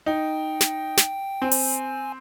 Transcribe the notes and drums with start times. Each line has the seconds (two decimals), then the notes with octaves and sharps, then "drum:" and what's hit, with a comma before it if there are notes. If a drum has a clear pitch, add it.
0.06 D#4 G5
0.61 drum: snare
0.97 drum: snare
1.42 C4 G#5
1.51 drum: open hi-hat